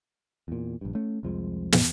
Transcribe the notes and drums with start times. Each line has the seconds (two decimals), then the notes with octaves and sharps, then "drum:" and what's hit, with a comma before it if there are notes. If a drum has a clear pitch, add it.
0.48 E2 A#2
0.81 A#1 G2
0.95 A3 C#4
1.23 C2 F2 F3 G#3
1.72 E2 B3, drum: snare